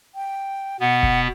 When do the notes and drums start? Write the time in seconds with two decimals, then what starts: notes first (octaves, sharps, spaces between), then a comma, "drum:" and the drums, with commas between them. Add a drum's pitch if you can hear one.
0.15 G5
0.80 B2 B3 F#5
1.03 drum: kick